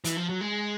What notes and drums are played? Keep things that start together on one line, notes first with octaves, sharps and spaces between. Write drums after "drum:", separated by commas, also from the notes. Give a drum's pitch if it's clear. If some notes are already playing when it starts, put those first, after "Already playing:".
E3, drum: hi-hat
F3
F#3
G#3